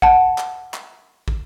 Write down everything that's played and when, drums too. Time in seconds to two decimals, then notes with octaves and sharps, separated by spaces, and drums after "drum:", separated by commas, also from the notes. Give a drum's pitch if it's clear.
0.02 F#5 A5, drum: kick
0.38 drum: clap
0.74 drum: clap
1.28 drum: kick